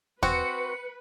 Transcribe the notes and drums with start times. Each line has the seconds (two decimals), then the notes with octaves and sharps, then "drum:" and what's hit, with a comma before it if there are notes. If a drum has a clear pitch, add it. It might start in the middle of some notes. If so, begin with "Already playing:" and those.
0.23 C4 F#4 B4 C#7, drum: kick D#2